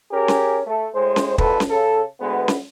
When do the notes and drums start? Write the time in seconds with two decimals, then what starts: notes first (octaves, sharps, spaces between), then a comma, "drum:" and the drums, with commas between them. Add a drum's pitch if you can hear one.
0.12 C#4 G4 G#4 A#4
0.28 drum: snare C#4
0.66 A3 A4
0.94 A2 G#3 C5
1.16 drum: snare C#4
1.38 G#1 F2 A4 B4, drum: kick
1.60 drum: snare C#4
1.70 C#3 A4
2.19 D2 G#3 B3
2.48 drum: snare C#4